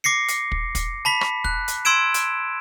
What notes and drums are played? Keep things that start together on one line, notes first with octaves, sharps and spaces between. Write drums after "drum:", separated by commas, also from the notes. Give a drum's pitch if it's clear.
D6 A#6 C7 C#7
drum: hi-hat
drum: kick
drum: kick, hi-hat
A5 B5 B6
drum: rim click
F#6, drum: kick
drum: hi-hat
C6 E6 G#6 D7 E7
drum: hi-hat